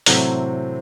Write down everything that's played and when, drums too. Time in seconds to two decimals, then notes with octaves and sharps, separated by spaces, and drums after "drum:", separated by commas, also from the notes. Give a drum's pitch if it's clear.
0.06 A2 C3 E3 F#3 C4 A4, drum: open hi-hat